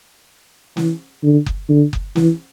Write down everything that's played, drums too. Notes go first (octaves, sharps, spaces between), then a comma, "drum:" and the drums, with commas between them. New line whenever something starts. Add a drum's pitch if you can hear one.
E3, drum: snare
D3
drum: kick F#1
D3
drum: kick F#1
E3, drum: snare